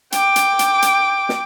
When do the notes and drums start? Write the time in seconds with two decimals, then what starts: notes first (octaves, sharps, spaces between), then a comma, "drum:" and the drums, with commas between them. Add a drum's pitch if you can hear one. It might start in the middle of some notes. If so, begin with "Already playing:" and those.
0.12 G5 D6, drum: hi-hat
0.36 drum: hi-hat
0.59 drum: hi-hat
0.82 drum: hi-hat
1.29 drum: snare